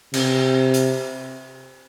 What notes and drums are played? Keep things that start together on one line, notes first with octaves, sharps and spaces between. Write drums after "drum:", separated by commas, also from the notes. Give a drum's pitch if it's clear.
C3, drum: cymbal
drum: hi-hat